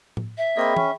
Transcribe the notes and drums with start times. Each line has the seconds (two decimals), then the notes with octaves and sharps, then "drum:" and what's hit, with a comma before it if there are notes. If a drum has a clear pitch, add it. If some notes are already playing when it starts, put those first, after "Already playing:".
0.17 drum: tom A2
0.38 E5
0.57 A#3 C4 G#4 D#5 G5 B5
0.77 C#4, drum: tom